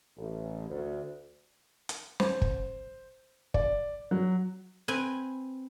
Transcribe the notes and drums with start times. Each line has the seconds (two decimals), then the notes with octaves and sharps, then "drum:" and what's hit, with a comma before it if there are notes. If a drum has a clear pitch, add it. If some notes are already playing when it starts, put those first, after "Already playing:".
0.17 A1
0.69 D2
1.89 drum: hi-hat
2.20 C5, drum: snare
2.42 drum: kick
3.54 D5, drum: kick
4.11 F#3
4.88 C4 B4 G#5